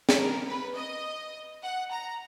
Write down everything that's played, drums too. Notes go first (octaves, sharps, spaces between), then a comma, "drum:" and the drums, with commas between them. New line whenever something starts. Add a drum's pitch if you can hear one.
drum: snare
A#4
B4
D#5
F#5
A#5